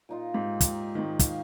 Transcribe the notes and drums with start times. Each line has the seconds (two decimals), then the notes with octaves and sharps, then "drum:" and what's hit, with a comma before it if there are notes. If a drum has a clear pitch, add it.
0.09 A#2 D#4 F4
0.34 G#2 G4
0.61 drum: kick, hi-hat
0.95 G#2 D#3
1.19 F5, drum: kick, hi-hat